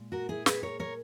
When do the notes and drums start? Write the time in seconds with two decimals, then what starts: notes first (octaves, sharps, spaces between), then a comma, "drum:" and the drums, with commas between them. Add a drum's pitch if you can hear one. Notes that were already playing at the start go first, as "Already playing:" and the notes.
Already playing: A#2 G#3
0.12 F#4 A#4
0.29 E4 G#4
0.46 G#4 B4, drum: snare
0.63 A#4 C#5
0.80 A#4 C#5